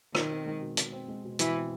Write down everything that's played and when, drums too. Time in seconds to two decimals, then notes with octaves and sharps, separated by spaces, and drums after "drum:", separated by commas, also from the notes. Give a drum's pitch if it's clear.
0.15 B2 D#3, drum: rim click
0.30 C4
0.46 G#3
0.61 B2
0.77 B2, drum: hi-hat
0.92 C4
1.08 G#3
1.24 B2
1.39 B2 E3, drum: hi-hat
1.55 C4